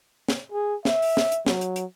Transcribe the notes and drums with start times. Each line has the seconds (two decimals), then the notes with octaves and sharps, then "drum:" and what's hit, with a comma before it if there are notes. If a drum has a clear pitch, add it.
0.28 drum: snare
0.52 G#4
0.85 E5, drum: snare
1.02 drum: open hi-hat
1.17 drum: snare
1.32 drum: hi-hat
1.46 F#3, drum: snare
1.61 drum: hi-hat
1.76 drum: hi-hat